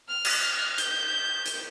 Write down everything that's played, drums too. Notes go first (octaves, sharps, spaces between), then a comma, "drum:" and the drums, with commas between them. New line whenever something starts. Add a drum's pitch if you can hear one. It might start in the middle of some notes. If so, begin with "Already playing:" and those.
F6
drum: cymbal
G6, drum: hi-hat
drum: hi-hat